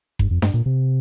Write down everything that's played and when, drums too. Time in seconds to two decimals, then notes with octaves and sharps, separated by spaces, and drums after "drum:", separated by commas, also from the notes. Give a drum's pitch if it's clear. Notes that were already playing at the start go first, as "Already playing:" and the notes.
0.19 G2, drum: kick F1
0.31 F2
0.42 G2, drum: snare D4
0.54 A#2
0.66 C3